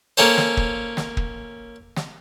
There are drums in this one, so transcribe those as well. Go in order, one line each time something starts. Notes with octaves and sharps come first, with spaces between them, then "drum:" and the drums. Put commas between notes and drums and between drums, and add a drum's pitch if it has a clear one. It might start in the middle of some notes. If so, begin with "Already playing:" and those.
A#3 C#4 A4 C5
drum: snare
drum: kick
drum: snare
drum: kick
drum: snare